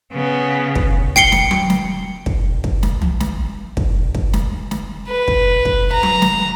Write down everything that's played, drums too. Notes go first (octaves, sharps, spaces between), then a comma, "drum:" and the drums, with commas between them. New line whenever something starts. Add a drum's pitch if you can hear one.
C#3 B3
drum: kick
G5 C7 C#7 G7, drum: kick
drum: snare
drum: tom F#3
drum: snare
drum: kick
drum: kick
drum: snare
drum: tom
drum: snare
drum: kick
drum: kick
drum: snare
drum: snare
B4
drum: kick
drum: kick
A#5
drum: tom F#3
drum: snare